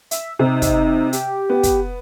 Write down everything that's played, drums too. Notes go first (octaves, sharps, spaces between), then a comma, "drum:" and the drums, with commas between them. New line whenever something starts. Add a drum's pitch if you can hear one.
E5, drum: hi-hat
C3 D#4
drum: kick, hi-hat
G4, drum: hi-hat
B3
drum: kick, hi-hat